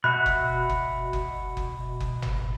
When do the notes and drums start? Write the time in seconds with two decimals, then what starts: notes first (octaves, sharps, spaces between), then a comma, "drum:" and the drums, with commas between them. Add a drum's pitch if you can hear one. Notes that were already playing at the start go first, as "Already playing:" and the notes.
0.04 B2 F#4 E5 B5 F#6
0.26 drum: kick F#1
0.69 drum: kick F#1
1.13 drum: kick F#1
1.57 drum: kick F#1
2.00 drum: kick F#1
2.22 drum: tom